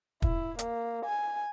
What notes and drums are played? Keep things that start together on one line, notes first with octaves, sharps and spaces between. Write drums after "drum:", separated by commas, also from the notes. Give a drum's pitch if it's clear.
E4, drum: kick
A#3, drum: hi-hat
G#5